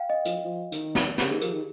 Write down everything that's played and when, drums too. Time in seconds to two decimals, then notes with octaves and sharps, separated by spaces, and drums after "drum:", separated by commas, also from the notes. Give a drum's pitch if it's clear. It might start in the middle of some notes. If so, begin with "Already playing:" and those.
Already playing: F5 G5
0.10 D#5
0.25 F3, drum: hi-hat
0.45 F3
0.72 D#3, drum: hi-hat
0.95 drum: snare
1.18 C#3 G4, drum: snare
1.30 D#3 G#4
1.41 F3 A#4, drum: hi-hat
1.53 D#3